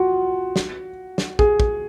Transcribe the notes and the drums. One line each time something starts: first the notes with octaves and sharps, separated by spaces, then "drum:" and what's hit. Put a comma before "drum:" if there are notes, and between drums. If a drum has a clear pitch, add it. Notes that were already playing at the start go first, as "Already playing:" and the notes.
Already playing: F4 F#4
drum: snare
drum: snare
G#4, drum: kick
drum: kick